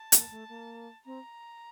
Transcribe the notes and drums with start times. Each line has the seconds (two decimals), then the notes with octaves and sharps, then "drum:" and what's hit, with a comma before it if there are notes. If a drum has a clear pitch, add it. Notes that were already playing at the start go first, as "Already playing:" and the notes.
Already playing: A5
0.12 A#3, drum: hi-hat
0.31 A3
0.49 A#3
1.06 C4 A#5